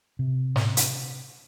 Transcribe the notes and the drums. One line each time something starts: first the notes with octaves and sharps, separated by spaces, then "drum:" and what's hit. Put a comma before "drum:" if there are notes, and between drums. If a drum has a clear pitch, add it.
C3
drum: snare
drum: hi-hat